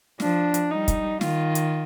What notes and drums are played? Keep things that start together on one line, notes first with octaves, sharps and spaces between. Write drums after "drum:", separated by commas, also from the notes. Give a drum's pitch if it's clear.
F3 D4, drum: snare
drum: hi-hat
G3 D#4
drum: kick, hi-hat
D#3 F4, drum: snare
drum: hi-hat